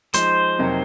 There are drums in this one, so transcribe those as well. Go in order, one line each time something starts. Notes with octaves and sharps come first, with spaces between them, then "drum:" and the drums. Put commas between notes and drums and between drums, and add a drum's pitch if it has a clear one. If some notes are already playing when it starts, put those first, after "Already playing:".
F3 G#3 D#4 C5, drum: hi-hat
F2 C3 F#3 A#3 D#4